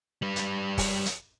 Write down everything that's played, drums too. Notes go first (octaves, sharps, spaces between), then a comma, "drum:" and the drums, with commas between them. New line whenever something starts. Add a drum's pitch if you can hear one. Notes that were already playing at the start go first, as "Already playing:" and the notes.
G3 B4
drum: hi-hat
drum: kick, open hi-hat
drum: hi-hat